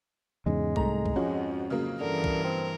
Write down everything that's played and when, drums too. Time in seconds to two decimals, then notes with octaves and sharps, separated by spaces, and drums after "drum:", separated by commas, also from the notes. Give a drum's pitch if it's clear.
0.46 E2 G#2 C#3 G#3
0.76 C2 G#2 A3 A#5, drum: kick B1
1.06 drum: kick B1
1.16 F2 G#2 F3 C#4 F#4
1.70 C#3 F#3 A#3
2.00 G2 D3 E3 A#4
2.24 drum: kick B1
2.44 C4